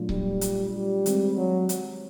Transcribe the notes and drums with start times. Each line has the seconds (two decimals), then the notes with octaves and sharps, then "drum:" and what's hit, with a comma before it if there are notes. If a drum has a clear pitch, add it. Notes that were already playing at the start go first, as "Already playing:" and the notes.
Already playing: A#2 F#3 A3 D4 F4
0.09 G3, drum: kick C#1
0.41 drum: hi-hat
0.73 G3
1.06 D#3 G#3 C4, drum: hi-hat
1.37 F#3
1.69 drum: hi-hat